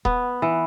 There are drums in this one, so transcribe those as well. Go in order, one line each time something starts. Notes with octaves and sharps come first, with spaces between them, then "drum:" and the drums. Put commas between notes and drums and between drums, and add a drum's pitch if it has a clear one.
B3, drum: kick D#1
E3